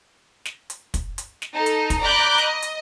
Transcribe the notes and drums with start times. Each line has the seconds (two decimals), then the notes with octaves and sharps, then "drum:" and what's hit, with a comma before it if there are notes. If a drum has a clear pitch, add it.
0.46 drum: snare
0.70 drum: hi-hat
0.94 drum: kick, hi-hat
1.18 drum: hi-hat
1.42 drum: snare
1.53 D#4 A4
1.66 drum: hi-hat
1.90 drum: kick, hi-hat
2.01 D5 A#5 B5 D6 F#6 G6
2.38 D#5, drum: snare
2.62 drum: hi-hat